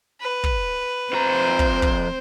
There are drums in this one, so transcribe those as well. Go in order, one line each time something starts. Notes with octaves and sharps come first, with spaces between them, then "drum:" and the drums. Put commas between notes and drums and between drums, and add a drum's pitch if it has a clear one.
B4
drum: kick
F2 C4 C5 A#5
drum: kick
drum: kick